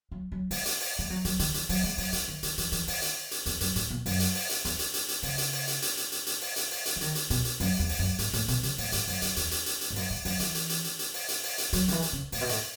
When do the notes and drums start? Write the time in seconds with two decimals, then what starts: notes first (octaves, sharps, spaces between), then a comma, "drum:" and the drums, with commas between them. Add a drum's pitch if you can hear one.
0.12 F#3
0.32 F#3
0.51 G#3, drum: open hi-hat
0.65 drum: hi-hat
0.80 drum: open hi-hat
0.99 G#3
1.10 F#3
1.25 F#3, drum: hi-hat
1.39 D#3, drum: hi-hat
1.54 E3, drum: hi-hat
1.69 F#3, drum: open hi-hat
1.84 G#3
1.98 F#3, drum: open hi-hat
2.13 G#3, drum: hi-hat
2.28 D#3
2.43 D#3, drum: hi-hat
2.58 E3, drum: hi-hat
2.72 E3, drum: hi-hat
2.88 D#3, drum: open hi-hat
3.02 drum: hi-hat
3.31 drum: hi-hat
3.46 E2, drum: hi-hat
3.61 F#2, drum: hi-hat
3.76 A2, drum: hi-hat
3.90 B2
4.06 F#2, drum: open hi-hat
4.20 drum: hi-hat
4.35 drum: open hi-hat
4.49 drum: hi-hat
4.65 E2, drum: hi-hat
4.79 drum: hi-hat
4.94 drum: hi-hat
5.08 drum: hi-hat
5.23 C#3, drum: open hi-hat
5.38 drum: hi-hat
5.53 drum: open hi-hat
5.67 drum: hi-hat
5.82 drum: hi-hat
5.97 drum: hi-hat
6.12 drum: hi-hat
6.27 drum: hi-hat
6.41 drum: open hi-hat
6.56 drum: hi-hat
6.71 drum: open hi-hat
6.86 drum: hi-hat
6.96 E3
7.01 D#3, drum: hi-hat
7.15 drum: hi-hat
7.30 B2, drum: hi-hat
7.45 drum: hi-hat
7.60 F#2, drum: open hi-hat
7.79 E2
7.89 drum: open hi-hat
7.99 F#2
8.19 G#2, drum: hi-hat
8.33 A2, drum: hi-hat
8.48 B2, drum: hi-hat
8.63 C#3, drum: hi-hat
8.78 A2, drum: open hi-hat
8.92 G#2, drum: hi-hat
9.08 F#2, drum: open hi-hat
9.22 F#2, drum: hi-hat
9.36 E2, drum: hi-hat
9.51 drum: hi-hat
9.66 drum: hi-hat
9.81 drum: hi-hat
9.91 G#2
9.96 F#2, drum: open hi-hat
10.10 G#2
10.25 F#2, drum: open hi-hat
10.40 E3, drum: hi-hat
10.55 drum: hi-hat
10.69 drum: hi-hat
10.84 drum: hi-hat
10.99 drum: hi-hat
11.14 drum: open hi-hat
11.28 drum: hi-hat
11.43 drum: open hi-hat
11.58 drum: hi-hat
11.73 F#3, drum: hi-hat
11.88 D#3, drum: hi-hat
11.92 E3
12.02 drum: hi-hat
12.13 C#3
12.32 A2, drum: open hi-hat
12.41 B2
12.49 A2, drum: hi-hat